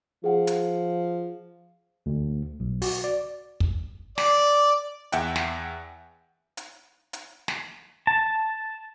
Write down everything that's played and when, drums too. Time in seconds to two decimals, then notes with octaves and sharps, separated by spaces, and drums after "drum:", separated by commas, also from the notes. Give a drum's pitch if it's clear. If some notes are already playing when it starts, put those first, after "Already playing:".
0.24 F3 G#4 F#5
0.47 drum: hi-hat
2.06 D2
2.60 B1
2.82 F#4, drum: open hi-hat
3.04 D5
3.60 drum: kick
4.18 D5, drum: snare
5.12 E2 E5 F#5 G5, drum: hi-hat
5.36 drum: snare
6.57 drum: hi-hat
7.13 drum: hi-hat
7.48 drum: snare
8.07 A5